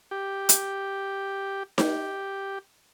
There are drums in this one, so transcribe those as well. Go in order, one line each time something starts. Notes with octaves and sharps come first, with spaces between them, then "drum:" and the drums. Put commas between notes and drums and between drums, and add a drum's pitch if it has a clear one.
G4
drum: hi-hat
G4, drum: snare D#4